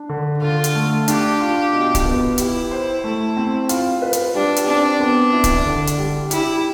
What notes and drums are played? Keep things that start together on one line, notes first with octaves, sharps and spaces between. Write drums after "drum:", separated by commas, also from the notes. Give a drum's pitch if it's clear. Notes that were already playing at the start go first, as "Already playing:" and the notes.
Already playing: D4
D3
D3 F4
drum: hi-hat
A3
D4 G4, drum: hi-hat
F4
B2
drum: kick C#1, hi-hat
B3
E4 G4, drum: hi-hat
C5
A3
C4
F4, drum: hi-hat
B4
drum: hi-hat
G3 D4
drum: hi-hat
C4 D4
B3
E4
drum: kick C#1, hi-hat
D3
drum: hi-hat
G3
E4 G4, drum: hi-hat